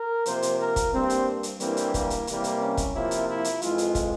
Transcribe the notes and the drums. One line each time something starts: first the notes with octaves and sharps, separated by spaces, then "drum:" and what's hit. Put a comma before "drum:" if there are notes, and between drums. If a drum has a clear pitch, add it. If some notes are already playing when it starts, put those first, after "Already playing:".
Already playing: A#4
C3 F3 A#3 C5, drum: hi-hat
drum: hi-hat
A#4
drum: kick, hi-hat
G2 G3 A#3 C4
drum: hi-hat
drum: hi-hat
G2 E3 G3 A#3 C4, drum: hi-hat
drum: hi-hat
A#3, drum: kick, hi-hat
drum: hi-hat
C3 E3 G3 A#3, drum: hi-hat
drum: hi-hat
C#4
drum: kick, hi-hat
C3 F3 A#3 E4
drum: hi-hat
E4
drum: hi-hat
F2 E3 G#3 F4, drum: hi-hat
drum: hi-hat
drum: kick, hi-hat